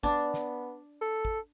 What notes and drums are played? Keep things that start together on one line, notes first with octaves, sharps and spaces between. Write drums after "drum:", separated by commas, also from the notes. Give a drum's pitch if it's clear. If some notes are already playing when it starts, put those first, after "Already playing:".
B3 D4, drum: kick
drum: snare
A4
drum: kick